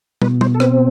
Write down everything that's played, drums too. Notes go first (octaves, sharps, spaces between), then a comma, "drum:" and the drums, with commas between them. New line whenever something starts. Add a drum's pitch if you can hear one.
B2 B4, drum: tom
C5, drum: tom
A4
C4 B4, drum: rim click